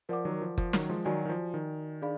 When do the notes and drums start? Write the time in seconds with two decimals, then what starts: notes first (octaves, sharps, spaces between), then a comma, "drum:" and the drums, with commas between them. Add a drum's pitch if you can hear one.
0.09 F3 A#4 D5 F#5 D6
0.25 D#3 F#3
0.42 F3
0.58 F3, drum: kick F#1
0.73 D#3 F#3, drum: snare
0.89 F3 G#3
1.05 D#3 F#3 F#4 D5 G#5
1.25 D#3
1.29 F3
1.54 D#3
2.02 D4 G#4 D5 F5 B5